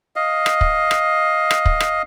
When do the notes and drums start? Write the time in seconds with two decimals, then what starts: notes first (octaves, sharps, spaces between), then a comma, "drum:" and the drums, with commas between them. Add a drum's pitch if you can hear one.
0.16 D#5 F5
0.46 drum: rim click
0.61 drum: kick
0.91 drum: rim click
1.51 drum: rim click
1.66 drum: kick
1.80 drum: rim click